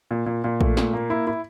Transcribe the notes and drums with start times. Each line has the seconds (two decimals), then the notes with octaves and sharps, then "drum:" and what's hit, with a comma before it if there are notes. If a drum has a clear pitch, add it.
0.11 A#2
0.26 A#2
0.44 A#2
0.61 A3, drum: kick A#1
0.77 A#2, drum: snare
0.93 A#3
1.10 E4
1.27 E4